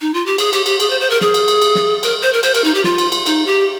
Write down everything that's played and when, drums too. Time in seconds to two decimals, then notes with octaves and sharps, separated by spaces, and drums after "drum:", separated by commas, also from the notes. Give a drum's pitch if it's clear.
0.01 D#4
0.14 F4
0.26 G4
0.38 G#4, drum: cymbal
0.53 G4, drum: cymbal
0.66 G4, drum: cymbal
0.80 G#4, drum: cymbal
0.90 C5
1.00 C5
1.10 A#4
1.21 G#4, drum: snare
1.34 drum: cymbal
1.48 drum: cymbal
1.62 drum: cymbal
1.75 drum: snare
2.03 A#4, drum: cymbal
2.23 C5
2.33 A#4
2.43 C5, drum: cymbal
2.54 A#4, drum: cymbal
2.64 D#4
2.75 G4
2.84 F4, drum: snare
2.98 drum: cymbal
3.12 drum: cymbal
3.26 D#4, drum: cymbal
3.46 G4